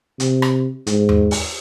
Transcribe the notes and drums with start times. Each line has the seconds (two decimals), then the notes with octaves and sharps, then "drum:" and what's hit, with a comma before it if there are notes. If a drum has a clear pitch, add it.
0.20 C3, drum: hi-hat
0.42 drum: rim click
0.87 G#2, drum: hi-hat
1.09 drum: tom E2
1.31 drum: open hi-hat